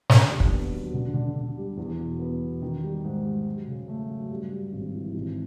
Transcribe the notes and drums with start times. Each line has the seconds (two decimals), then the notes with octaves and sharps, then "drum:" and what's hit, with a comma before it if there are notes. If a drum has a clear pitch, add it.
0.10 D3, drum: snare
0.30 D#2
0.40 drum: kick
0.51 B3
0.72 F#3
0.94 D3
1.14 D3
1.36 D3
1.57 G3
1.77 E2
1.99 B2
2.19 B3
2.41 B2
2.62 D#3
2.83 G3
3.04 G#2
3.24 G3
3.46 F#3
3.67 C#3
3.88 A3
4.09 F#3
4.30 G2
4.52 G3
4.73 G#1
4.93 E3
5.14 G#1